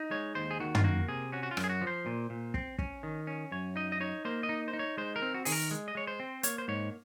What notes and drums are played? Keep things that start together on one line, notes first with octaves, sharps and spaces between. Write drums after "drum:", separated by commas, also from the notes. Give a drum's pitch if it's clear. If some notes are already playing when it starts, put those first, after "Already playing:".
Already playing: D#4
G#3 C#5
D#2 C5
G#4
D#3 F#4
F4, drum: tom
A#3 F#4
C3 G#4
C#4 F#4
F#4
F4
F#2, drum: rim click
G#4
F#4
F3
C5
A#2
A#2
C4, drum: kick
C#4, drum: kick
D#3
C#4
F#2 C#5
D#4 D#5
D#5
D#4 C#5
A#3 C5
D#5
D#4
C5
D#4
C#5
G#3 C5
A#4
C4
F#4
D#3 G#4, drum: open hi-hat
A#4
G#3
D#5
G#3 C#5
C5
C4
A#3 C#5, drum: hi-hat
C5
G#2 C#5